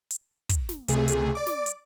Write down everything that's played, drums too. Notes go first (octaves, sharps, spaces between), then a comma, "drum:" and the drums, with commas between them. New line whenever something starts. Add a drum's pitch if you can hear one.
drum: hi-hat
drum: kick, hi-hat
drum: snare
C#2 C3 A3 G#4, drum: hi-hat
drum: hi-hat
D5 D6
drum: snare
drum: hi-hat